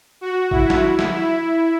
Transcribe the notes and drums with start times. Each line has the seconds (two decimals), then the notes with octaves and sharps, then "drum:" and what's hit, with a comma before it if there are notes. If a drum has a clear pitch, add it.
0.21 F#4
0.51 E4, drum: kick
0.70 drum: snare
0.99 drum: snare
1.12 E4